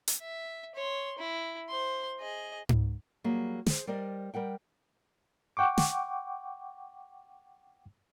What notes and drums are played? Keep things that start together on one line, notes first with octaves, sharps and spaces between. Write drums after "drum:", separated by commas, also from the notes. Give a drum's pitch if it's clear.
drum: hi-hat
E5
C#5 C6
E4
C5 C6
G#4 D#5
drum: tom G#2
F#3 G3 A#3 G#4
G#4 C5, drum: snare
G3 A#4 C5 D5 D#5
G3 A#4 F#5 G5
F#5 G5 C#6 D6
drum: snare